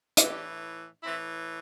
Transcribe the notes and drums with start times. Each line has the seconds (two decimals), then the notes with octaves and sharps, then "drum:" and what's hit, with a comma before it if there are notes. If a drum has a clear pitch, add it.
0.17 A2 E3 D4 G4, drum: hi-hat
1.03 A2 E3 C4 E4